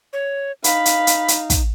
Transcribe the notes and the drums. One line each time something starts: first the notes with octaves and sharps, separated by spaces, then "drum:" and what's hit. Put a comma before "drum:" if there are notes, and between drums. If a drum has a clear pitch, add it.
C#5
D#4 F5 B5, drum: hi-hat
drum: hi-hat
drum: hi-hat
drum: hi-hat
drum: kick, hi-hat